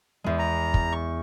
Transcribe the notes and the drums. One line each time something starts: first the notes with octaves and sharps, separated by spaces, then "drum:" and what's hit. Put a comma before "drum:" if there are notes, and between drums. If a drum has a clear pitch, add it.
E2 G#3
A#5
drum: kick
C#6